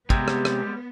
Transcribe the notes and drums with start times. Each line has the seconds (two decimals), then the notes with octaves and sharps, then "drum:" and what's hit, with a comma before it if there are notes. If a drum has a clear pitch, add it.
0.10 C3 G3 G#3 B3, drum: kick
0.28 drum: rim click
0.45 drum: rim click